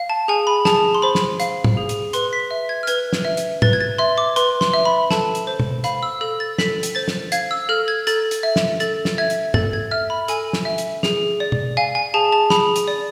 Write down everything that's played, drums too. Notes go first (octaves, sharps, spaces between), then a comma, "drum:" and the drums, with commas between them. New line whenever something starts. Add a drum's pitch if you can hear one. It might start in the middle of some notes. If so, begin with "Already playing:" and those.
Already playing: F5
A5
G#4 G#5
B5
G#4 A5, drum: snare
C6
C5 B5
drum: snare
F5, drum: hi-hat
drum: tom
G#4
drum: hi-hat
B4 C6, drum: hi-hat
B6
E5
G#6
F6
B4 G#6, drum: hi-hat
drum: snare
E5
drum: hi-hat
B4 A6, drum: tom
G#6
A6
E5 C6
D6
B4 C6, drum: hi-hat
C6, drum: snare
E5
B5
A4 A5, drum: snare
drum: hi-hat
C5
drum: tom
F5 B5, drum: hi-hat
E6
A4 E6
A6
A4 B6, drum: snare
drum: hi-hat
C5 A6
drum: snare
F5 G#6, drum: hi-hat
E6
A4 F6
G#6
A4 A6, drum: hi-hat
drum: hi-hat
E5
drum: snare
A4 A6, drum: hi-hat
drum: snare
E5 G#6
drum: hi-hat
A4 A6, drum: tom
G#6
E5 F6
B5
A4 G#5, drum: hi-hat
drum: snare
E5
drum: hi-hat
G#4, drum: snare
D5
drum: tom
F5 G#5
G#5
G#4 A5
A5
G#4 B5, drum: snare
drum: hi-hat
D5